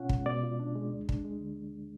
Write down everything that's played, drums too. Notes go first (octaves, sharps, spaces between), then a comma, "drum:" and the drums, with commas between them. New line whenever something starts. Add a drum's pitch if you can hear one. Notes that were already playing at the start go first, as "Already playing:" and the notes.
Already playing: B2 C#4 F4 F#5
G#3, drum: kick
B2 D5
F4
D4
G#3
D2
D4, drum: kick
G#3
D3